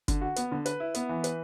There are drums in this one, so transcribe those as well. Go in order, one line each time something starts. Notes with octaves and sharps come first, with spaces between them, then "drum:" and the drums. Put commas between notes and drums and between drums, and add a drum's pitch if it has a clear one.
D3, drum: kick F#1, hi-hat
F#4
B3, drum: hi-hat
D3
B4, drum: hi-hat
E4
B3, drum: hi-hat
E3
B4, drum: hi-hat